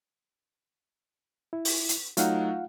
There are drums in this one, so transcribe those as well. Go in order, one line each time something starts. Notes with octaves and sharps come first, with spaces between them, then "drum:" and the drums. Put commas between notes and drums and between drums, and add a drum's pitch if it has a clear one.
E4
drum: open hi-hat
drum: hi-hat
F#3 A3 D#4 F4 F5 F#5, drum: hi-hat